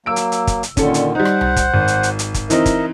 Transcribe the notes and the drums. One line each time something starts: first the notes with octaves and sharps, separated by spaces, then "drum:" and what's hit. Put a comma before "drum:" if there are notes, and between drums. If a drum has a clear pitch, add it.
F#3 A#3 E6 D7
drum: hi-hat
drum: hi-hat
drum: kick, hi-hat
drum: hi-hat
A#2 D3 D#3 C#4 A4, drum: kick, hi-hat
drum: hi-hat
G3 D#4 C5 F#5
drum: rim click
drum: tom C2
drum: kick, hi-hat
G#1
drum: hi-hat
drum: hi-hat
drum: hi-hat
drum: kick, hi-hat
E3 C4 D#4 A#4 D#5 E5, drum: hi-hat
drum: kick, hi-hat